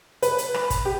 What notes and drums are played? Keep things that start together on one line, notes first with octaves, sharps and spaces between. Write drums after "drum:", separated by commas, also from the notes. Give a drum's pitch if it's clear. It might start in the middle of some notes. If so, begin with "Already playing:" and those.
B4, drum: hi-hat
drum: hi-hat
drum: rim click
drum: kick, hi-hat
G4